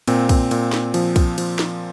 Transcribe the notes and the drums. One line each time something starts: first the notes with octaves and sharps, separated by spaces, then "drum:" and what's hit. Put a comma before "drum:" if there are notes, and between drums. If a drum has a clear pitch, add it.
A#2 C4, drum: cymbal
drum: kick, cymbal
A#2, drum: cymbal
drum: snare
F3, drum: cymbal
drum: kick, cymbal
F3, drum: cymbal
drum: snare